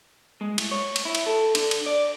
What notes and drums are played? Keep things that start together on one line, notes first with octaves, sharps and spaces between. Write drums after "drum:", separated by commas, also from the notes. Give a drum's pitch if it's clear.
G#3
A2, drum: cymbal
C#5
drum: cymbal
E4
drum: cymbal
A4
D3, drum: cymbal
drum: cymbal
D5